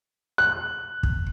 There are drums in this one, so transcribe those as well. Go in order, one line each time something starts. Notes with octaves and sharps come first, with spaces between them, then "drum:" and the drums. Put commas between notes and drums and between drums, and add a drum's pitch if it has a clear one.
F#6
drum: kick